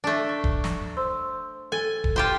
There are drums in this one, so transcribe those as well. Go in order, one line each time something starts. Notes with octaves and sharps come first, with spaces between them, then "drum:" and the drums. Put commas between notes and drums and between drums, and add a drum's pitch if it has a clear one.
A3 D4
C#6
drum: kick E1
drum: snare
C5 C6 E6
A4 G#5 A6 G7
drum: kick E1
F4 G4 C5